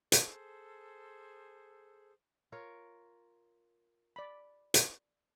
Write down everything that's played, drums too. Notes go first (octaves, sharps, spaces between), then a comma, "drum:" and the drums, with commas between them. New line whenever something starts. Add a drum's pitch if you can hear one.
G#4 A4 C5, drum: hi-hat
F4 A#4 C#5
D5 B5
drum: hi-hat